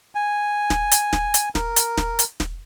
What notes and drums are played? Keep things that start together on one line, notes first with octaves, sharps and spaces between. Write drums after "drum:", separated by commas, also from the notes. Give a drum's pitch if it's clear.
G#5
drum: snare
drum: hi-hat
drum: snare
drum: hi-hat
A#4, drum: snare
drum: hi-hat
drum: snare
drum: hi-hat
drum: snare